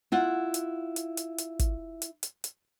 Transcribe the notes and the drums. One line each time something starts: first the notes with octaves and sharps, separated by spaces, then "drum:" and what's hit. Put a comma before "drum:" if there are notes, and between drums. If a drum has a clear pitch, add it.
E4 F4 F#5
drum: hi-hat
drum: hi-hat
drum: hi-hat
drum: hi-hat
drum: kick, hi-hat
drum: hi-hat
drum: hi-hat
drum: hi-hat